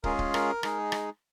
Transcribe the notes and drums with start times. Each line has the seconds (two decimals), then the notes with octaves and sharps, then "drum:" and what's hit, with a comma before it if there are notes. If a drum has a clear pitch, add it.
0.04 G#3 C#4 F4 G#4 A#4, drum: kick
0.19 drum: kick
0.34 A#4, drum: rim click
0.63 G#3 D#4 G#4, drum: rim click
0.92 drum: rim click